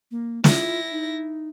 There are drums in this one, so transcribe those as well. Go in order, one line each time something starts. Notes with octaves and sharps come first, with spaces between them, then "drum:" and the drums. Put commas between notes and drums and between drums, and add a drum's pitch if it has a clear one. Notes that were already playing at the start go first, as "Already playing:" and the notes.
A#3
E4 F4 A#6, drum: snare
D#4